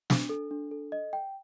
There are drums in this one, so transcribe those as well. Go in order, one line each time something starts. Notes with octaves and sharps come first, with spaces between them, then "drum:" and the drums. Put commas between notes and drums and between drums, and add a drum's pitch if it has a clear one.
D4, drum: snare
A4
D4
A4
D#5
G5